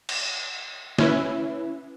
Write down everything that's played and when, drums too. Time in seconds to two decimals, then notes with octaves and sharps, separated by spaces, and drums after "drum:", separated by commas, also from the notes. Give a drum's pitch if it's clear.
0.09 drum: cymbal
0.98 C#4 E4 B4, drum: snare